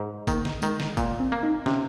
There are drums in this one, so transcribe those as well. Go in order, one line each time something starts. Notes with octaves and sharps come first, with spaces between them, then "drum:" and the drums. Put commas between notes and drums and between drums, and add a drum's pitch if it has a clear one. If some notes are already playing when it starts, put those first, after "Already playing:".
Already playing: G#2
D#3 A#3, drum: kick G1, tambourine
drum: snare
D#3 G#3, drum: tambourine
drum: snare
A#2 A#3, drum: kick G1, tambourine
C4
A#3
D#4
C3 C#4, drum: snare